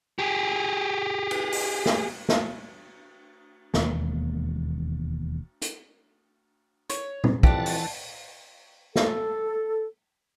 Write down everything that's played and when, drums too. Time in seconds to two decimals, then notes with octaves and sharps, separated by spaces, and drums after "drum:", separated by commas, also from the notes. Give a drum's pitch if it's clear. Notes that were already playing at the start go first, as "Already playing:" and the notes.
0.19 G4 G#4
1.31 drum: cymbal
1.52 drum: open hi-hat
1.86 drum: snare
2.29 drum: snare
3.74 E1 D#2 G#3 A#3, drum: snare
5.62 drum: hi-hat
6.90 C#5, drum: hi-hat
7.24 drum: tom A#2
7.43 F2 E3 D4 G4 F#5 A5 A6, drum: kick
7.66 drum: open hi-hat
8.96 A4, drum: snare